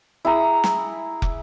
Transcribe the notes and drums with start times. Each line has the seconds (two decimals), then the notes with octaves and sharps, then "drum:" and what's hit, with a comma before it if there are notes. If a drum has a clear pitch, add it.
0.25 E4 G#4 A#5
0.64 drum: snare
1.22 drum: kick